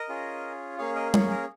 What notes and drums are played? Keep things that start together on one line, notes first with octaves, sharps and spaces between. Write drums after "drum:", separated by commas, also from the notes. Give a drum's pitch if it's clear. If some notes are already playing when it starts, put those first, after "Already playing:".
Already playing: A#4 D#5
C#4 F4 G#4
A#3 C#4 G#4 C#5 F5
A#4 D#5
C#5, drum: tom
A#4